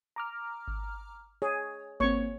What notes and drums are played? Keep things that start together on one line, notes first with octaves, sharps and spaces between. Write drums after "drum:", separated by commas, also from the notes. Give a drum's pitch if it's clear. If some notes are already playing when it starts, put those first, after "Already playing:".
A#5 D6 F6
drum: kick G#1
G#4 C#5
A#3 C4 C#5 C#6, drum: kick G#1